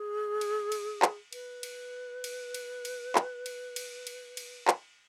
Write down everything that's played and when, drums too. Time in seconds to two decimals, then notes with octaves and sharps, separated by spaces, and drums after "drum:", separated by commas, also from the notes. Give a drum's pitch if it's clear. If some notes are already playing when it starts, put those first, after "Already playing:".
Already playing: G#4
0.41 drum: cymbal
0.72 drum: cymbal
1.02 drum: clap
1.33 B4, drum: cymbal
1.63 drum: cymbal
2.24 drum: cymbal
2.54 drum: cymbal
2.85 drum: cymbal
3.15 drum: clap
3.46 drum: cymbal
3.76 drum: cymbal
4.07 drum: cymbal
4.37 drum: cymbal
4.68 drum: clap